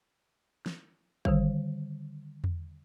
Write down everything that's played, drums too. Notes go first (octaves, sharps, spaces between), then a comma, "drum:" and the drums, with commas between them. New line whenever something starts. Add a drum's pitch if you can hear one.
drum: snare
D3 D#3 G3, drum: kick
drum: tom E2